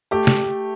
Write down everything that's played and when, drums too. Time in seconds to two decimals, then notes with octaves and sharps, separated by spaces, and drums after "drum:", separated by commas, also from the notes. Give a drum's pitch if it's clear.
0.11 A3 G4
0.27 drum: snare